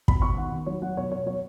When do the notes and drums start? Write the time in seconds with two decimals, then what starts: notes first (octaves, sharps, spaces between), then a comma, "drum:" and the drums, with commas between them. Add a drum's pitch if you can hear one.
0.08 B2 B5, drum: kick
0.22 B2 C#6
0.37 D#3 F#5
0.52 D#3
0.66 F#3 C#5
0.82 F#3 F#5
0.97 B2 C#5
1.11 B2 C#5
1.26 F#3 C#5